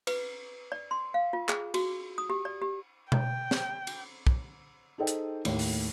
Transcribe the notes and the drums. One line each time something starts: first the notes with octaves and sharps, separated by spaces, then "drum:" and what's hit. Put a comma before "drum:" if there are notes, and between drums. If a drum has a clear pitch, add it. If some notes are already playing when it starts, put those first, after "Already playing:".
B4, drum: cymbal
D5
C6
F5
F4
G#4, drum: clap
F#4, drum: cymbal
D#6
G4
D5
G4
G5, drum: tom B2
drum: snare
drum: cymbal
drum: kick
D#4 G#4 A4 C5 D#5 G5
drum: hi-hat
D#2 A2, drum: cymbal
drum: open hi-hat